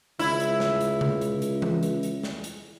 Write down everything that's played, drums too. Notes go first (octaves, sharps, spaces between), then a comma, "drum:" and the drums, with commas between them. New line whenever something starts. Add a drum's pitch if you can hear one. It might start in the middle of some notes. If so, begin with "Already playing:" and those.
C#2 E4, drum: hi-hat
drum: hi-hat
drum: snare
drum: hi-hat
drum: tom C3
drum: hi-hat
drum: hi-hat
drum: tom E3
drum: hi-hat
drum: hi-hat
drum: snare
drum: hi-hat